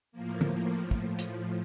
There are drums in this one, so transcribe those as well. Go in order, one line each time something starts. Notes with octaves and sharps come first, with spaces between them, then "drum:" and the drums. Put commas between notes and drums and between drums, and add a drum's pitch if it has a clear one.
A2 F3 A#3
drum: tom D3
drum: kick
drum: hi-hat